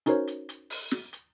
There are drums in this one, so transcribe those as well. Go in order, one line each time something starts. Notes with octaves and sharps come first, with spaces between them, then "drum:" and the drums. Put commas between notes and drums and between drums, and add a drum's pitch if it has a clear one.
C#4 D#4 F#4 A#4 C5 C#5, drum: hi-hat
drum: hi-hat
drum: hi-hat
drum: open hi-hat
drum: snare
drum: hi-hat